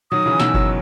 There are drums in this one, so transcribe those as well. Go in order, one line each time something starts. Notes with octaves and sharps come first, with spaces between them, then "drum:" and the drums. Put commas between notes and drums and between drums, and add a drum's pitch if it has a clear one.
D#3 F#3 D#6
C#3 E3
B2 D#3 E6, drum: snare
D#3 F#3, drum: kick F#1